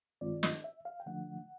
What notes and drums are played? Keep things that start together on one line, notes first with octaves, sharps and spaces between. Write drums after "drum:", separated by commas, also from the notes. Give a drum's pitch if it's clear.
G2 D#3 G#3 C4 F4 D5
D#5, drum: snare
E5
F5
G5
D3 F3 A3 D4 F#5